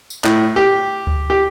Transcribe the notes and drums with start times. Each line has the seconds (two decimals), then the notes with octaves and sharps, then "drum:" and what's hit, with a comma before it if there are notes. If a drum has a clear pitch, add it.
0.10 drum: tambourine
0.24 A2, drum: clap
0.56 G4
1.07 drum: kick D2
1.30 G4